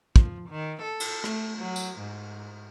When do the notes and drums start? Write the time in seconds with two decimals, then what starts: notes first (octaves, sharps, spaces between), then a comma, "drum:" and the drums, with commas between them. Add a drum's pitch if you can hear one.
0.16 F3, drum: kick
0.49 D#3
0.82 A4
1.00 drum: cymbal
1.24 A3, drum: rim click
1.58 F#3
1.76 drum: tambourine
1.99 G#2